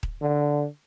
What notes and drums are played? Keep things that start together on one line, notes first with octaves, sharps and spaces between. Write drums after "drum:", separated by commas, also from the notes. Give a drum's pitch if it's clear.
drum: kick D#1
D3